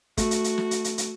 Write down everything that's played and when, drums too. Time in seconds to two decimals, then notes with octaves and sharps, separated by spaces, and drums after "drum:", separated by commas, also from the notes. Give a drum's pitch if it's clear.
0.17 A3 F#4, drum: kick, hi-hat
0.31 drum: hi-hat
0.44 drum: hi-hat
0.58 drum: snare
0.71 drum: hi-hat
0.84 drum: hi-hat
0.98 drum: hi-hat